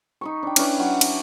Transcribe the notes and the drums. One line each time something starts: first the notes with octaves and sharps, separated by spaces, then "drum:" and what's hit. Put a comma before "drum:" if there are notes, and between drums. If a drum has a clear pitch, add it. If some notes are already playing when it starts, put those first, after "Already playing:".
D#4 B5 C#6
D4 G5
C#4 D4 E4 B4, drum: cymbal
F#3 F#4 F#5
drum: cymbal